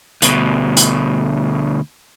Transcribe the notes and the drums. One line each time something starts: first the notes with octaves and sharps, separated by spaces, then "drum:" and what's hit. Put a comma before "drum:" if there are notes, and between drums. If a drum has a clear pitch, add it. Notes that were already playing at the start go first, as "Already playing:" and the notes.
D2 B2, drum: hi-hat
drum: hi-hat